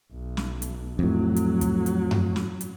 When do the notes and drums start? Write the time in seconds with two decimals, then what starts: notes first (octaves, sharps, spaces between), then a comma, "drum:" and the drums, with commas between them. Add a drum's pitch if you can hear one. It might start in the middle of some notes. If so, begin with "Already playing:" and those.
0.12 B1
0.37 drum: snare
0.62 drum: hi-hat
0.99 F2 A2 F#3
1.36 drum: hi-hat
1.61 drum: kick, hi-hat
1.86 drum: hi-hat
2.11 drum: tom F#2
2.36 drum: snare
2.61 drum: hi-hat